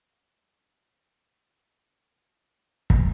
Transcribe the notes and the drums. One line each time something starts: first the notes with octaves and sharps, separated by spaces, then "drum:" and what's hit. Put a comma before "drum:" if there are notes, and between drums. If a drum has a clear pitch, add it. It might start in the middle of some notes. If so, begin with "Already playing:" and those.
E2 D#5 C#6 F#6
A#2 C4 C#4
A2 F#3 B3
drum: kick